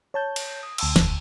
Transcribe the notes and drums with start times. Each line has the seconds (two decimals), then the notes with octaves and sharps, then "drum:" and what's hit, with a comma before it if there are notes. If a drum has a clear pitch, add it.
0.14 C#5 A5 G6
0.36 drum: cymbal
0.63 D#6
0.78 D2 A5 E6, drum: cymbal
0.96 E1, drum: snare